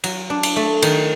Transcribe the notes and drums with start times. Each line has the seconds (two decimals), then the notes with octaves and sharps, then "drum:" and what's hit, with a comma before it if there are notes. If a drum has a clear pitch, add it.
0.04 F#3, drum: cymbal
0.30 D4
0.43 drum: cymbal
0.56 A3
0.82 D#3, drum: cymbal